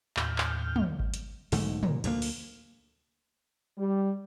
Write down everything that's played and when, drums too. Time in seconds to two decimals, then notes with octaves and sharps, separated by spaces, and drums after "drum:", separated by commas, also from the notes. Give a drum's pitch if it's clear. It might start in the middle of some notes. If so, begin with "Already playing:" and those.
0.17 D#2 A2 F6 G6, drum: clap
0.38 drum: clap
0.76 drum: tom
1.00 drum: kick G#1
1.14 drum: hi-hat
1.52 B1 G#2 D3 A3, drum: open hi-hat
1.83 A#2, drum: tom
2.04 D2 E3 A#3, drum: cymbal
2.22 drum: open hi-hat
3.78 G3